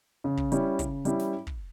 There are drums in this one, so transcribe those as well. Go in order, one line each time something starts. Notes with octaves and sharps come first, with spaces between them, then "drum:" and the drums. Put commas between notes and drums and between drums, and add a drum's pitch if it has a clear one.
C#3
drum: kick
G3 C#4 E4, drum: hi-hat
C#3, drum: kick, hi-hat
G3 C#4 E4, drum: hi-hat
drum: snare
drum: kick